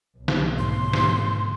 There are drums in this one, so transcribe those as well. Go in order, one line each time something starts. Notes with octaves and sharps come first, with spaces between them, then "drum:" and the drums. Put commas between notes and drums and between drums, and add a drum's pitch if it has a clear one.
B1
drum: snare
G#2 A3 C6
drum: snare